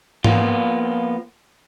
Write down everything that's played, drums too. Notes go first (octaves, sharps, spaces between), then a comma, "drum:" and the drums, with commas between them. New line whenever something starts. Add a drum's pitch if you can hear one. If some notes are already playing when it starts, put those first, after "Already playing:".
F3 A#3 B3 F4, drum: tom G#2